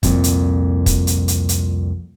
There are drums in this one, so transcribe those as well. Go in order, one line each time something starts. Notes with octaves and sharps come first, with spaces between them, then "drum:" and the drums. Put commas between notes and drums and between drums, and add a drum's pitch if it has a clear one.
C2 F2 A#2, drum: kick, hi-hat
drum: hi-hat
drum: kick, hi-hat
drum: hi-hat
drum: hi-hat
drum: hi-hat